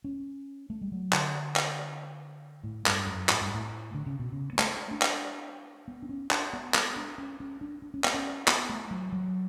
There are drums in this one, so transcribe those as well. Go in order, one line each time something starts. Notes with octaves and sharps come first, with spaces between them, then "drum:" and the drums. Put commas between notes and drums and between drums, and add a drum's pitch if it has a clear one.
C#4
A3
G3
F#3
D3, drum: clap
drum: clap
A2
G2, drum: clap
F#2
A2, drum: clap
G2
A2
D3
C#3
B2
C#3
B3
A3, drum: clap
D4
drum: clap
B3
D4
C#4
D4, drum: clap
B3
B3, drum: clap
D4
C#4
C#4
D4
D4
C#4
B3, drum: clap
C#4
B3, drum: clap
A3
F#3
F#3